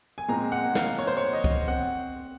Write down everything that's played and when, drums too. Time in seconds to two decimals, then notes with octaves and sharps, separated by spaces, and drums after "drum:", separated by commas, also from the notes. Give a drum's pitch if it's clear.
0.18 G#5
0.28 A#2 G#3 C4 A#5
0.52 F#5
0.75 F5, drum: snare
0.99 C#5
1.07 C5
1.17 C#5
1.33 D#5
1.44 drum: kick C2
1.67 C4 F#5